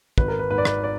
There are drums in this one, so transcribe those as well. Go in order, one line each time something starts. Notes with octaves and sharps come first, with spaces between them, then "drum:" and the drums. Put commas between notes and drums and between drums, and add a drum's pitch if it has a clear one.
G#1 B4, drum: kick
A#4
B4
G#2 B4
D5
B4, drum: rim click
D5